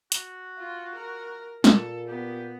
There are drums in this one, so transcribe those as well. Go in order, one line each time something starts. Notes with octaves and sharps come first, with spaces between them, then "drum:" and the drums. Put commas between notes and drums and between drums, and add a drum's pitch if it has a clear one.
F#4, drum: hi-hat
F4
A#4
A#2 A4, drum: snare
B3 G4